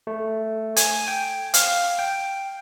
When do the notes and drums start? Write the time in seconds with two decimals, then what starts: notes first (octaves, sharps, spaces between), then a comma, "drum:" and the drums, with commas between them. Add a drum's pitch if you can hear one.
0.07 A3
0.76 G#5, drum: hi-hat
1.08 G5
1.54 F5, drum: hi-hat
1.99 G5